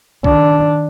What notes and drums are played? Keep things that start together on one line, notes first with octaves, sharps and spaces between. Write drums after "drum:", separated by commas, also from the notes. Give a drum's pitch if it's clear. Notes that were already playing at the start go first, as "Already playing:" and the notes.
D#3 D4, drum: kick B1